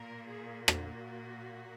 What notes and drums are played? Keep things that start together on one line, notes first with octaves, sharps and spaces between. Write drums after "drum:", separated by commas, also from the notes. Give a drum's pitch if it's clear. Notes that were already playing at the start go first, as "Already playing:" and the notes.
Already playing: A#2 A#3 A#4
G#4
F#4, drum: rim click